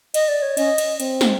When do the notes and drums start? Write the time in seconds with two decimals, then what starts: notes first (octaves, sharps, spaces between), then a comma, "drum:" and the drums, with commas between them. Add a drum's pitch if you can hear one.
0.14 D#5, drum: cymbal
0.28 D5
0.42 C#5
0.57 C#4 D#5, drum: cymbal
0.78 drum: cymbal
1.00 C4, drum: cymbal
1.21 drum: snare